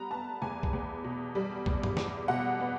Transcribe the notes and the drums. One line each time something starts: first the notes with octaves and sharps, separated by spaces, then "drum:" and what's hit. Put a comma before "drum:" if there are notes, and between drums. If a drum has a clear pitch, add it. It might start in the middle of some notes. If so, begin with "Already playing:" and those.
Already playing: G3 B3 A#5
B3 A5
E2 G#5
drum: kick B1
E2
B2
G3
E2, drum: kick B1
drum: tom G2
E2, drum: snare
B2 F#5
B3